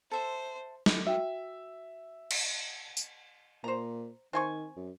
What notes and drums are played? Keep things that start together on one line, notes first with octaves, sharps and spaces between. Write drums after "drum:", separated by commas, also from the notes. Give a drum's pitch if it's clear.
A4 C5 E5 C6
drum: snare
F#4 E5 G5
drum: cymbal
drum: tambourine
A#2 C5 A#5
D#3 C4 G#5 C#6
F#2